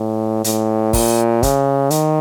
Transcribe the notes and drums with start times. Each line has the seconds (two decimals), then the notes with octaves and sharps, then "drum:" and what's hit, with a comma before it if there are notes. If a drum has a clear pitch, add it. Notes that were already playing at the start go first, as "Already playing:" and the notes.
Already playing: A2
0.44 A2, drum: hi-hat
0.93 A#2, drum: kick, open hi-hat
1.43 C#3, drum: kick, hi-hat
1.90 D#3, drum: hi-hat